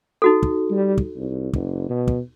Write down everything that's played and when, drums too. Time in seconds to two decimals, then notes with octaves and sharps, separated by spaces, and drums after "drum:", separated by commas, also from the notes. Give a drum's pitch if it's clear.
0.22 D#4 F#4 A4
0.43 drum: kick
0.71 G3
0.98 drum: kick
1.16 C2
1.53 F#1, drum: kick
1.89 B2
2.08 drum: kick